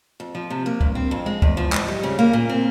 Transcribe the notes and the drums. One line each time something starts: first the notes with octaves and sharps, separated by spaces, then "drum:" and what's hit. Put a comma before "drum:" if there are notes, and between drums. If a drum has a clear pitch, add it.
F2
F3
C3
A#3
G2, drum: kick
C4
F2
G#3
E2, drum: kick
F3
G#2, drum: clap
G3
C#3
A#3
A#2
C4